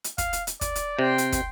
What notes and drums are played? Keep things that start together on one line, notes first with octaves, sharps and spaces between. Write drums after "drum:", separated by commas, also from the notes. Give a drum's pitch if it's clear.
drum: hi-hat
F5, drum: kick, hi-hat
drum: hi-hat
drum: hi-hat
D5, drum: kick, hi-hat
drum: hi-hat
C3 G5 C6
drum: hi-hat
drum: kick, hi-hat